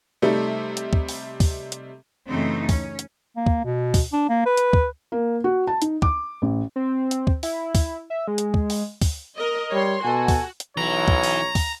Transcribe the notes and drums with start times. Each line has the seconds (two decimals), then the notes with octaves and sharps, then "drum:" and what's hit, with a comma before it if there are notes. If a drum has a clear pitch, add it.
0.22 C3 G3 A3 D#4
0.77 drum: hi-hat
0.93 drum: kick
1.09 drum: open hi-hat
1.40 drum: kick, open hi-hat
1.72 drum: hi-hat
2.28 F#2 C#3 E3 A3 C4 D#4
2.69 C#4, drum: kick, open hi-hat
2.99 drum: hi-hat
3.37 A#3
3.46 drum: kick
3.65 B2
3.94 drum: kick, open hi-hat
4.13 D4
4.29 A#3
4.46 B4
4.57 drum: hi-hat
4.73 drum: kick
5.12 A#3
5.44 F#4
5.67 A5
5.82 D#4, drum: hi-hat
6.02 D6, drum: kick
6.42 A1
6.76 C4
7.11 drum: hi-hat
7.27 drum: kick
7.43 E4, drum: open hi-hat
7.75 drum: kick, open hi-hat
8.10 E5
8.28 G#3
8.38 drum: hi-hat
8.54 drum: kick
8.70 drum: open hi-hat
9.02 drum: kick, open hi-hat
9.38 A#4 D#5
9.73 G3 C#5 C6
10.04 B2 F#4 A4 G#5
10.28 drum: kick, open hi-hat
10.60 drum: hi-hat
10.77 B1 E3 C#5 A#5
11.08 drum: kick
11.24 drum: open hi-hat
11.55 drum: kick, open hi-hat